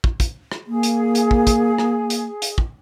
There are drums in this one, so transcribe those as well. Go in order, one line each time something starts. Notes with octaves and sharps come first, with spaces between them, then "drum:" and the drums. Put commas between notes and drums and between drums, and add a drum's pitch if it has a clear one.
drum: kick
drum: kick, hi-hat
drum: rim click
A#3 G#4
drum: hi-hat
drum: hi-hat
drum: kick
drum: kick, hi-hat
drum: rim click
drum: hi-hat
drum: hi-hat
drum: kick